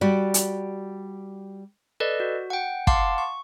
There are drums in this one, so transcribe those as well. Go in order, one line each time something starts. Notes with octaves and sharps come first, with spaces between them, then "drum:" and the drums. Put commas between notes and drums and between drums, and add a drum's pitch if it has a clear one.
G3 F#4 G4 D5
drum: hi-hat
A4 B4 D5 D#5
F#4
F#5 G5
F5 F#5 A5 C6 D6, drum: kick
C#6